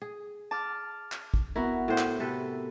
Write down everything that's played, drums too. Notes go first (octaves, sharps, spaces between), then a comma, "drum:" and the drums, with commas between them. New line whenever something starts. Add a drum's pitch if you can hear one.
G#4
A5 D6 F6
drum: clap
drum: kick
B3 E4 F#4 A#4
A2 C5 F#5
drum: clap
C3 A4 B4